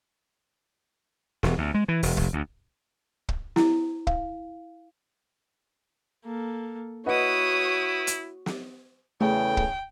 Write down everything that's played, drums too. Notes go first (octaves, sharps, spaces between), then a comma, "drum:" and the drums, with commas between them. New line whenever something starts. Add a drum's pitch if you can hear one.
E1, drum: snare
D2
G#3
E3
E1, drum: open hi-hat
F1, drum: kick
D2
drum: kick
E4, drum: snare
F5, drum: kick
A#3 A4
E4 F#4 B4 C#5 D#5 F#5 D#6
drum: hi-hat
drum: snare
E2 C#3 A3 G5
drum: kick